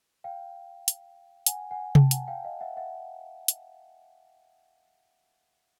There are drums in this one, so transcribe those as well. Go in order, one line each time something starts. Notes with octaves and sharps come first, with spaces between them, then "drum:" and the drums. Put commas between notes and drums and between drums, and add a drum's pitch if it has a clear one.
F5 G5
drum: hi-hat
F#5 G#5, drum: hi-hat
F#5 G#5
G5 A5, drum: tom C3
F#5 G#5, drum: hi-hat
F5 G5
D#5 F5
E5 F#5
E5 F#5
drum: hi-hat